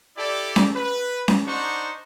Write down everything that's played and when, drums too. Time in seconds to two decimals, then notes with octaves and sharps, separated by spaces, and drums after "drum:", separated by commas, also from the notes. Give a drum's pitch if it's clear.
0.17 E4 G4 A4 D5
0.56 drum: snare C#4
0.75 B4
1.28 drum: snare C#4
1.46 D4 D#4 C5 F#5 C#6